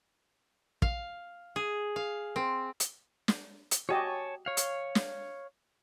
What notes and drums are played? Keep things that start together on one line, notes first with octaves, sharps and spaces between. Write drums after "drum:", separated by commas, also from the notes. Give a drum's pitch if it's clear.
F5, drum: kick
G#4
F5
C4
drum: hi-hat
drum: snare
drum: hi-hat
F#4 G4 C#5 D#5 G#5 A5
C#5 F5
drum: hi-hat
drum: snare